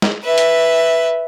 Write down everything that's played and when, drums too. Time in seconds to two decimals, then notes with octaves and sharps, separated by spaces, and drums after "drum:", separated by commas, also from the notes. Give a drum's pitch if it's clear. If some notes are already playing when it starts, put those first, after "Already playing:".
0.02 drum: snare
0.24 B4 E5
0.38 drum: hi-hat